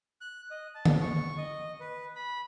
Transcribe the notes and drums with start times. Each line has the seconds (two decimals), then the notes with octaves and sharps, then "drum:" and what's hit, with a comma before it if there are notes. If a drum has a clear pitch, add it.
0.21 F#6
0.51 D#5
0.75 A5
0.85 drum: tom
1.01 C#6
1.37 D#5
1.80 B4
2.16 B5